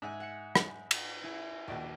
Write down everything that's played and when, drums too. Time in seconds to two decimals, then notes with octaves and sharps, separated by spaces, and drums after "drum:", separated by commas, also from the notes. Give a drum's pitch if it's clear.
0.02 G#2 E5 F#5 G#5
0.20 F#5 C#7
0.55 drum: rim click
0.91 drum: cymbal
1.22 E4 G#5
1.68 A#1 D#2 F#4 D5